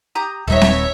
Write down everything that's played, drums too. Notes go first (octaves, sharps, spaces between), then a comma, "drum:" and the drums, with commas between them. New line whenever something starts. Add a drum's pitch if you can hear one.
G4 A#5 D#6
D#1 G3 B3 D#4 A4 C#5 E5
drum: snare C4